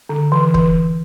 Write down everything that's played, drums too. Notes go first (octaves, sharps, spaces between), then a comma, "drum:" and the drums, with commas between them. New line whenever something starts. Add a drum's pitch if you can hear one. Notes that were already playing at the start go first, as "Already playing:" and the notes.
D3
E3
E3, drum: kick